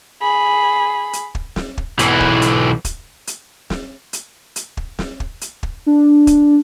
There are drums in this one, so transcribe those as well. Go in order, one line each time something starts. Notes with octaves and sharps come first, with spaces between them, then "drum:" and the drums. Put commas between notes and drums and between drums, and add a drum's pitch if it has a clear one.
G#4 B5
drum: hi-hat
drum: kick
drum: snare
drum: kick
B1 E3, drum: hi-hat
drum: kick
drum: hi-hat
drum: kick, hi-hat
drum: hi-hat
drum: snare
drum: hi-hat
drum: hi-hat
drum: kick
drum: snare
drum: kick
drum: hi-hat
drum: kick
D4
drum: kick, hi-hat